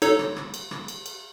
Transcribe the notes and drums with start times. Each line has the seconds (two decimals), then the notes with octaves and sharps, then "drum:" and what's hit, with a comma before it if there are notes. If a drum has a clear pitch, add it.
0.02 D#4 A4 C#5, drum: cymbal
0.19 drum: rim click
0.36 drum: rim click
0.54 drum: cymbal
0.71 drum: rim click
0.88 drum: cymbal
1.06 drum: cymbal